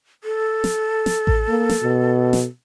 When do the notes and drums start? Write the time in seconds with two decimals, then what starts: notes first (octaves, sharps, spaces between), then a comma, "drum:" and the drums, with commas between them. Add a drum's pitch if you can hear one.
0.24 A4
0.64 drum: snare
1.06 drum: snare
1.27 drum: kick A1
1.48 A#3
1.70 drum: snare
1.82 B2
2.33 drum: snare